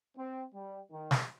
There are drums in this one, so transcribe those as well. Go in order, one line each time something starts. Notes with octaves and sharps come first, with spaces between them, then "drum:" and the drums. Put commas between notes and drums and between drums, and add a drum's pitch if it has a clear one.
C4
G3
D#3
drum: snare